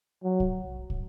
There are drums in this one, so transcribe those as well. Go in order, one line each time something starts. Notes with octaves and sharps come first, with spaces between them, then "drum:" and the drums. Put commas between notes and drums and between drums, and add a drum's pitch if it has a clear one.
F#3
drum: kick
drum: kick